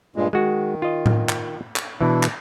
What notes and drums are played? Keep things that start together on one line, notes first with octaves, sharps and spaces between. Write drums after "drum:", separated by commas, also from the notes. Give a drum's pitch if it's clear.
G2 A#2 G#3
D#3 G#3 F#4
F4 D#5
drum: tom A2
drum: clap
drum: clap
B2 E3 D4 E4
drum: clap